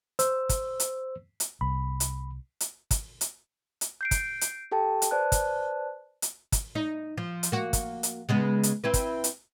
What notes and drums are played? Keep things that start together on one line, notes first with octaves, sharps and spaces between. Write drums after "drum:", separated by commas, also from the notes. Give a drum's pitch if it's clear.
C5 E6, drum: hi-hat
drum: kick, hi-hat
drum: hi-hat
drum: hi-hat
C2 B5
drum: hi-hat
drum: hi-hat
drum: kick, hi-hat
drum: hi-hat
drum: hi-hat
G6 C7 D7
drum: kick, hi-hat
drum: hi-hat
G4 A4 G5 A5
drum: hi-hat
B4 C5 D5 A5 F#6
drum: kick, hi-hat
drum: hi-hat
drum: kick, hi-hat
D#4
F3
drum: hi-hat
A#3 F#4
drum: kick, hi-hat
drum: hi-hat
C#3 G#3 B3
drum: hi-hat
C4 E4 B4
drum: kick, hi-hat
drum: hi-hat